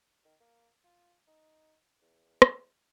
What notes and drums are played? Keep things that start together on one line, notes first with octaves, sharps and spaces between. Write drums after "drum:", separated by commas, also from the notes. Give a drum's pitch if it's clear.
D#3
A#3
F4
D#4
E2
drum: rim click